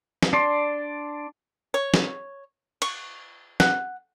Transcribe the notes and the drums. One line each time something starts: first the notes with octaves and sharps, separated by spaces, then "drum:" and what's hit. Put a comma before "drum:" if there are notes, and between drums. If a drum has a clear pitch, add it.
drum: snare
D4 D5 C6
C#5
drum: snare
C#6, drum: cymbal
F#5, drum: snare